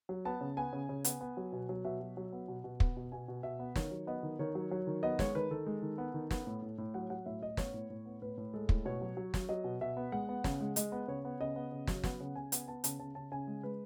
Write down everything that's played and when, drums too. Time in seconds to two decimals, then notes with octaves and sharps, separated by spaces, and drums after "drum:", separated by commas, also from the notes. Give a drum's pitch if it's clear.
0.09 F#3
0.25 B3 A5
0.41 C#3
0.57 B3 G#5
0.73 C#3
0.89 C#3
1.05 B3, drum: hi-hat
1.21 B3
1.37 F#3
1.53 B2
1.69 F#3
1.85 B2 E5
2.01 F#3
2.17 F#3
2.32 B3
2.48 B2
2.64 B2
2.80 B3, drum: kick
2.96 B2
3.12 B2 G#5
3.28 B2
3.43 B2 E5
3.59 B3
3.76 D#3 C#5, drum: snare
3.91 F#3
4.07 B3 D#5
4.23 D#3
4.39 D#3 C#5
4.55 F#3
4.71 F#3
4.87 D#3
5.03 B3 D#5
5.19 G#3 C#5, drum: snare
5.35 D#3 B4
5.51 D#3 A4
5.66 G#3
5.82 D#3
5.98 B3
6.14 D#3
6.31 B3, drum: snare
6.47 A2
6.62 A2
6.78 A2
6.94 F#3 F#5
7.10 F#3 F#5
7.26 A2 E5
7.42 A2 D#5
7.57 B3 C#5, drum: snare
7.74 A2
7.90 A2
8.05 B3
8.22 A2 B4
8.38 A2
8.53 G#3 A4
8.69 A2, drum: kick
8.85 B2 C#5
9.02 F#3
9.17 F#3
9.34 F#3, drum: snare
9.49 F#3 D#5
9.64 B2
9.81 B2 E5
9.97 B3
10.12 G#3 F#5
10.29 B3
10.44 C#3, drum: snare
10.61 G#3
10.76 G#3 D#5, drum: hi-hat
10.92 B3
11.08 C#3 C#5
11.25 B3
11.40 C#3 D#5
11.56 B3
11.72 C#3
11.87 F#3, drum: snare
12.04 B3 F#5, drum: snare
12.20 C#3
12.35 C#3 G#5
12.52 B3, drum: hi-hat
12.67 B3 A5
12.84 C#3 A5, drum: hi-hat
12.99 C#3 A5
13.15 C#3 A5
13.32 C#3 G#5
13.47 G#3
13.63 G#3 B4